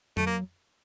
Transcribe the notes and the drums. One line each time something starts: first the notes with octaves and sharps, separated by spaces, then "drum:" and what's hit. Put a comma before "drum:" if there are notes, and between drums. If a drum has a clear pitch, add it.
F#3 A3, drum: tom F2
A#3